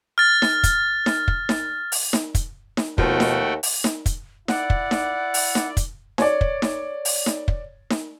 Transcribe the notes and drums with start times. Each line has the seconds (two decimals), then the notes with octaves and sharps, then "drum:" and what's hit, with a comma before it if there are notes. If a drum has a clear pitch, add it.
0.18 F6 A6
0.42 drum: snare D#4
0.63 drum: kick, hi-hat
1.06 drum: snare D#4
1.28 drum: kick
1.49 drum: snare D#4
1.92 drum: open hi-hat
2.13 drum: snare D#4
2.35 drum: kick, hi-hat
2.77 drum: snare D#4
2.98 D#2 B2 F3 A3 F#4 G5, drum: kick
3.20 drum: snare D#4
3.63 drum: open hi-hat
3.84 drum: snare D#4
4.06 drum: kick, hi-hat
4.48 E4 D5 F#5, drum: snare D#4
4.70 drum: kick
4.91 drum: snare D#4
5.34 drum: open hi-hat
5.55 drum: snare D#4
5.77 drum: kick, hi-hat
6.18 C#5 D5, drum: snare D#4
6.41 drum: kick
6.62 drum: snare D#4
7.05 drum: open hi-hat
7.26 drum: snare D#4
7.48 drum: kick
7.91 drum: snare D#4